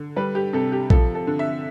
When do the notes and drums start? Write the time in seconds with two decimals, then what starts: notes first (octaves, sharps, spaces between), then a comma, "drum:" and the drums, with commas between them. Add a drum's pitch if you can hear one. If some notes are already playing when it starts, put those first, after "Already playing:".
Already playing: D3
0.16 G3 B4
0.35 G4
0.53 C3 A4
0.72 G4
0.90 F3 A4, drum: kick A#1
1.15 A4
1.27 D3
1.39 E5